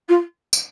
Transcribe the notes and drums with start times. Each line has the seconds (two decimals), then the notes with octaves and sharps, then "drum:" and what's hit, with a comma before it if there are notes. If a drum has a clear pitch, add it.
0.08 F4
0.53 drum: tambourine